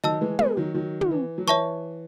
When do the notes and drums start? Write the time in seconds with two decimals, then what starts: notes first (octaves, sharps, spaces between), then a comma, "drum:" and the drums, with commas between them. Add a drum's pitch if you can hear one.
0.04 D#3 F#3 D#5 A5 E6
0.21 E3 G#3
0.39 G#3 B3, drum: tom
0.57 D#3 F#3
0.74 D#3 F#3
1.01 D#3, drum: tom
1.11 E3
1.38 F#3
1.47 E3 C#5 E5 A5 C#6